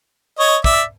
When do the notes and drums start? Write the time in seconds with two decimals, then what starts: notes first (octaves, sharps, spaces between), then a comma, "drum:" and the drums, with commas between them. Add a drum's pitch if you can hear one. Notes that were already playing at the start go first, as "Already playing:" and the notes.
0.39 C#5 D#5
0.64 D5 E5, drum: kick